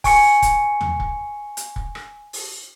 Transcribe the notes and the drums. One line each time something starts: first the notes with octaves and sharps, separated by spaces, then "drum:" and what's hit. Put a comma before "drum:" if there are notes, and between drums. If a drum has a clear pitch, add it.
G#5 C#6 C#7, drum: kick, open hi-hat
drum: kick, hi-hat
drum: tom D#2
drum: kick
drum: hi-hat
drum: kick
drum: rim click
drum: open hi-hat